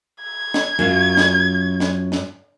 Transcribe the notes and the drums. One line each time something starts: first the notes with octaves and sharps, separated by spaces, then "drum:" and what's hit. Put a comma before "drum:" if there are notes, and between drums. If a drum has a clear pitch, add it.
G#6
drum: snare
F#2 F#3 F4
drum: snare
drum: snare
drum: snare